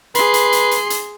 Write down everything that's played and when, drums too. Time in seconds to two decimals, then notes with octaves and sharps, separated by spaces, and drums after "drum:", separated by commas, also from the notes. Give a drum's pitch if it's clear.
0.15 G#4 B4 C6, drum: hi-hat
0.34 drum: hi-hat
0.52 drum: hi-hat
0.71 drum: hi-hat
0.90 drum: hi-hat